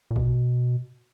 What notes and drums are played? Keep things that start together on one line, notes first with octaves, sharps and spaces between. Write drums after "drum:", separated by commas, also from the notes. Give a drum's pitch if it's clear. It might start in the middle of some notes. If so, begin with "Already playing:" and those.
A#2
B2, drum: kick A#1